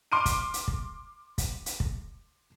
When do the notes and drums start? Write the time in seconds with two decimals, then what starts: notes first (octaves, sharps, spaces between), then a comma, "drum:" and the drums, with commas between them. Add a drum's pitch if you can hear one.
0.12 C6 D6 F6 D7 D#7
0.26 drum: kick, hi-hat
0.54 drum: hi-hat
0.68 drum: kick
1.38 drum: kick, hi-hat
1.66 drum: hi-hat
1.80 drum: kick